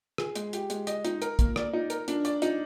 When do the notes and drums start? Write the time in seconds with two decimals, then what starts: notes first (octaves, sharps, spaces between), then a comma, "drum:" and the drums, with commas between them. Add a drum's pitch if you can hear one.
0.18 G#4, drum: rim click
0.35 G#3, drum: hi-hat
0.53 G4, drum: hi-hat
0.70 G#3, drum: hi-hat
0.87 D#5, drum: hi-hat
1.05 D#4, drum: hi-hat
1.22 A#4, drum: hi-hat
1.39 A#3, drum: kick, hi-hat
1.56 D5, drum: rim click
1.73 D#4
1.90 A#4, drum: hi-hat
2.08 D4, drum: hi-hat
2.25 D5, drum: hi-hat
2.42 D#4, drum: hi-hat